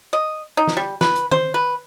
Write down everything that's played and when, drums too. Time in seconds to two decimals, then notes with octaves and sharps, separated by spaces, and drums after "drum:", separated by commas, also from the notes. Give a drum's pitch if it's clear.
0.13 D#5
0.57 D#4
0.67 drum: snare
0.77 G3
1.01 B4, drum: snare
1.15 drum: hi-hat
1.31 C5, drum: tom
1.54 B4